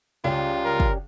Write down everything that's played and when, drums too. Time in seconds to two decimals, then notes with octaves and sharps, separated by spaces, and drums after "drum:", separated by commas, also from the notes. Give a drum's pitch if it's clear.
0.24 C#2 G3 C#4 F4 G4
0.65 A#4
0.80 drum: kick